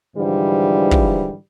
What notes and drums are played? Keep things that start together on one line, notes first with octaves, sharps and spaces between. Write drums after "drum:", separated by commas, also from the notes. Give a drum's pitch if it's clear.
G#2 D3 E3 F3 G3
drum: kick